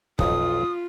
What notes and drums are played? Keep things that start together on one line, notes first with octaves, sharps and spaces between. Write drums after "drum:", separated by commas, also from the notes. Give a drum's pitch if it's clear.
B1 F2 F4 D#6, drum: kick